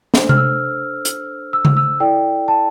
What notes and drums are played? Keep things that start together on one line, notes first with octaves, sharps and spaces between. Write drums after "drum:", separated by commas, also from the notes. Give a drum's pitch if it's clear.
D4 A4 C5, drum: snare
F6, drum: tom C3
E6
drum: hi-hat
E6
drum: tom C#3
E6
E4 A4 D5 G5
A5